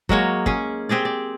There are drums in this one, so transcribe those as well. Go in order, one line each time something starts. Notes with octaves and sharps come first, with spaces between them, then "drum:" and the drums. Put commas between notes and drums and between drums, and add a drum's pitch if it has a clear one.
F#3 G#3 A#3 C#5, drum: kick
C#4 G#4, drum: kick
C4 G4 G#4 D5
D5